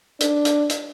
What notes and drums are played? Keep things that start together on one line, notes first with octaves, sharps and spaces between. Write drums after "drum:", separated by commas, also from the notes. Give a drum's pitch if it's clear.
D4, drum: hi-hat
drum: hi-hat
drum: hi-hat